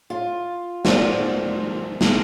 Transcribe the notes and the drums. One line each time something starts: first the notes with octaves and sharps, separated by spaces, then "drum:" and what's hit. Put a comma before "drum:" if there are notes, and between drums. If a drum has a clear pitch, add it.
F4
F4 F#4 A#4 C5 D5, drum: snare
drum: snare